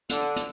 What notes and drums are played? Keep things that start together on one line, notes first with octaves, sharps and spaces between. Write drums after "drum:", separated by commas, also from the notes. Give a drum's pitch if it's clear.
D3, drum: hi-hat
drum: hi-hat